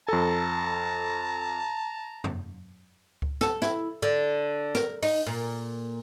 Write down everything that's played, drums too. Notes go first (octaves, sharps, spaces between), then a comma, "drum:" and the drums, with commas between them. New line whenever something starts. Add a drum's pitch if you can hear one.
F2 A4 A5 A#5
drum: tom
drum: kick C#2
A4, drum: snare
E4, drum: snare
D3
A#4, drum: snare
D#4, drum: open hi-hat
A#2